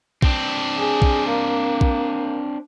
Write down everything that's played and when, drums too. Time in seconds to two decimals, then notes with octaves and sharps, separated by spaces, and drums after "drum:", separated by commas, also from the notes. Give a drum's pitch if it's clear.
0.22 C4 D4, drum: kick
0.77 G#4
1.02 drum: kick
1.29 A#3
1.81 drum: kick